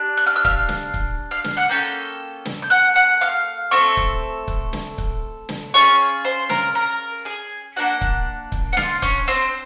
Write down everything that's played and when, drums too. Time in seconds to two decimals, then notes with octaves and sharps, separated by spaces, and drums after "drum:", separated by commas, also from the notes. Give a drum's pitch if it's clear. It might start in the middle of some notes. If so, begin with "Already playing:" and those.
Already playing: D4 G4
0.17 F#6
0.27 F6
0.36 E6
0.45 F5 F6, drum: kick C#1
0.69 drum: snare
0.94 drum: kick C#1
1.31 F5 F6
1.44 drum: snare
1.57 F#5 F#6
1.69 A#3 C#4 F4 A4 G5 G6
2.45 drum: snare
2.62 G6
2.70 F#5 F#6
2.96 F#5 F#6
3.21 F5 F6
3.71 A3 C4 A4 C#6
3.97 drum: kick C#1
4.48 drum: kick C#1
4.73 drum: snare
4.98 drum: kick C#1
5.49 drum: snare
5.74 C#4 F4 G#4 C#5 C#6
6.25 C5 C6
6.49 A#4 A#5, drum: snare
6.75 A#4 A#5
7.25 G#4 G#5
7.76 A#3 D4 F#4 F#5
8.01 drum: kick C#1
8.52 drum: kick C#1
8.73 F#5
8.77 F4 F5, drum: snare
9.02 C#4 C#5, drum: kick C#1
9.28 C4 C5